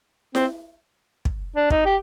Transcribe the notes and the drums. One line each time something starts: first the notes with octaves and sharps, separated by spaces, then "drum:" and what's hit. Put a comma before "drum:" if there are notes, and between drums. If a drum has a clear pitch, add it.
C4, drum: snare E4
drum: kick
D4
D#4, drum: kick
G4